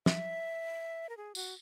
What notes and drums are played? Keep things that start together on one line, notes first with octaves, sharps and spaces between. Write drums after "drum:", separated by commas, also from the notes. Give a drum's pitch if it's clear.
E5, drum: snare
A#4
G#4
F#4, drum: tambourine